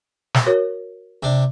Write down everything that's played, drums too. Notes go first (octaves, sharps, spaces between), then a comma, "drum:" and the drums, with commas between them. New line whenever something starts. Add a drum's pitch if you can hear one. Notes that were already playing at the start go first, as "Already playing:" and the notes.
drum: snare
F#4 A#4 C#5
C3 D4